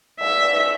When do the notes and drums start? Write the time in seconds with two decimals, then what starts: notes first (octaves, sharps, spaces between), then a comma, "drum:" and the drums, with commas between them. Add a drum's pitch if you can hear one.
0.20 E5, drum: cymbal
0.42 drum: cymbal